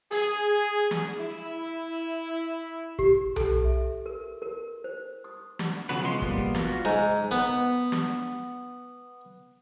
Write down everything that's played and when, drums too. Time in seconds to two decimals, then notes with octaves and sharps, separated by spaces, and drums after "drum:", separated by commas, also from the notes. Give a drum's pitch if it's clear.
0.11 G#4, drum: hi-hat
0.91 drum: snare
1.19 E4
2.99 G4, drum: kick
3.36 A4, drum: tom B1
3.65 E5
4.06 A#4
4.42 A#4
4.84 C5
5.24 D#6
5.59 drum: snare
5.89 C#3 F#3 B3 F#4 B4
6.02 F3 G#3 C6
6.22 G3 A#3 B3, drum: kick
6.37 drum: kick
6.55 F4 F#4, drum: snare
6.85 G#2
7.31 B3, drum: hi-hat
7.92 drum: snare